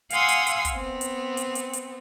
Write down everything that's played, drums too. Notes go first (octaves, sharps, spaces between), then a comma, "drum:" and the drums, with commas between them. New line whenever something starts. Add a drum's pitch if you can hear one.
F5 F#5 G#5 C6 D#6 E6, drum: hi-hat
drum: hi-hat
drum: hi-hat
drum: kick, hi-hat
B3 C4
drum: hi-hat
drum: hi-hat
drum: hi-hat
drum: hi-hat